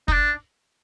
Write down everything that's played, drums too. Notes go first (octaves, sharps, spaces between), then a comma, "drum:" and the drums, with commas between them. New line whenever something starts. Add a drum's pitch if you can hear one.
D#4, drum: kick
D4